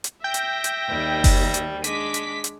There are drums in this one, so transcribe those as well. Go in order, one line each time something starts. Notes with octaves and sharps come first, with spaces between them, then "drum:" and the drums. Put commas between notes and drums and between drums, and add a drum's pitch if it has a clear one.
drum: hi-hat
E5 G5 A#6
drum: hi-hat
drum: hi-hat
D#2 G3
drum: kick F#1, open hi-hat
drum: hi-hat
G#3 D4 D6 B6, drum: hi-hat
drum: hi-hat
drum: hi-hat